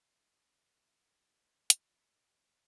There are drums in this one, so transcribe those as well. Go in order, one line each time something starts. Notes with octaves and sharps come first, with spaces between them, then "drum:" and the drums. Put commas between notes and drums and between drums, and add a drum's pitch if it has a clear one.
D#4 G4
drum: hi-hat